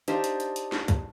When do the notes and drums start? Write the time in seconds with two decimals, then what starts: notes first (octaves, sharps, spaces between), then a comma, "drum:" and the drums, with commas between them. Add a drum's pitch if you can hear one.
0.08 D4 D#4 F4 G4 C5, drum: hi-hat
0.24 drum: hi-hat
0.40 drum: hi-hat
0.56 drum: hi-hat
0.72 drum: snare
0.88 drum: kick, hi-hat